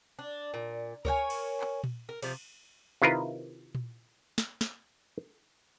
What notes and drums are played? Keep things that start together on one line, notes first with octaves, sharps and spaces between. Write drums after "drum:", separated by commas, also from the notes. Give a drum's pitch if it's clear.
D4
A#2
A#4 C#5 G5 G#5, drum: kick C#2
drum: cymbal
drum: clap
drum: tom A#2
A#4
C3 F3, drum: cymbal
C3 D#3 E4 F4 A#4 B4
drum: tom A#2
drum: snare
drum: snare